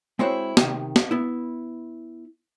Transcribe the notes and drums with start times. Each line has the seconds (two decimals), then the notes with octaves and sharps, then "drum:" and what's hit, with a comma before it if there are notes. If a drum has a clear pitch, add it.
0.19 G#3 C4 E4 F#4 C5 C#5
0.57 C3 D#3, drum: snare
0.96 drum: snare
1.11 B3 E4